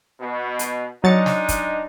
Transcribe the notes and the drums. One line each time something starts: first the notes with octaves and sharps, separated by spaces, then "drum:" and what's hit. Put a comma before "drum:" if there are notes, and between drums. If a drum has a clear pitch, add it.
B2
drum: hi-hat
F#3 G#3 D4 D#4 A6 C#7
drum: snare
drum: kick, hi-hat